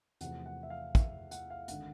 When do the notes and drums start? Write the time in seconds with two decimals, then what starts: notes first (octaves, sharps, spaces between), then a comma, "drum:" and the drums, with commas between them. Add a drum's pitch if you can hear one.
0.21 E2 C3 F3 A3 F#5, drum: hi-hat
0.46 F#5
0.63 E5
0.70 F5
0.95 E5, drum: kick, hi-hat
1.31 F#5, drum: hi-hat
1.50 F5
1.68 G#1 D3 F#5, drum: hi-hat